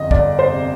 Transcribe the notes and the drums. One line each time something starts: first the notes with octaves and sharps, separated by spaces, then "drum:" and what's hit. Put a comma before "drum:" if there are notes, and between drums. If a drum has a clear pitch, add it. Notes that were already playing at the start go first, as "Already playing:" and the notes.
Already playing: G1 F2 D#5
G1 D5, drum: kick
C5
C3